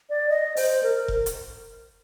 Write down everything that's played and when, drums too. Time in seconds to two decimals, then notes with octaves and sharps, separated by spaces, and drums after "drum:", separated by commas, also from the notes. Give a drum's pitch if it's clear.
0.10 D5
0.29 D#5
0.56 C5, drum: open hi-hat
0.83 A#4
1.08 drum: kick F1
1.26 drum: hi-hat